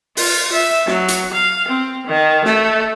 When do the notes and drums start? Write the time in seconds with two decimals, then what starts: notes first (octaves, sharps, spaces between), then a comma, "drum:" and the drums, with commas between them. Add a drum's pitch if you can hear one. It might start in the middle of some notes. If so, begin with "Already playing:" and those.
0.17 F4, drum: open hi-hat
0.52 E5
0.87 F#3, drum: snare
1.08 drum: hi-hat
1.34 F5
1.68 C4
2.07 D#3
2.45 A3, drum: snare